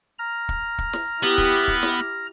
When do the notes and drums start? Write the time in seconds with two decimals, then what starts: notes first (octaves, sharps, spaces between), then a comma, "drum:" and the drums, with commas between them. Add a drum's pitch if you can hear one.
0.19 A#5 F6
0.49 drum: kick
0.78 drum: kick
0.93 drum: snare
1.23 B3 E4 G4
1.38 drum: kick
1.68 drum: kick
1.83 drum: snare